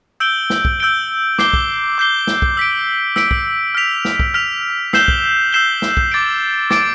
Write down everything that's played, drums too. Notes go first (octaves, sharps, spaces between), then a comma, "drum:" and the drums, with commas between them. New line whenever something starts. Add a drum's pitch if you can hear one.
E6 G6 D7 G7
drum: snare
drum: kick
E6 G6 D7 G7
D6 G6 C7 G7, drum: snare
drum: kick
D6 G6 C7 G7
drum: snare
drum: kick
E6 B6 D7
E6 B6 D7, drum: snare
drum: kick
F6 B6 F7
drum: snare
drum: kick
F6 B6 F7
E6 G6 C7 E7 G7, drum: snare
drum: kick
E6 G6 C7 E7 G7
drum: snare
drum: kick
D6 A6 D7
D6 A6 D7, drum: snare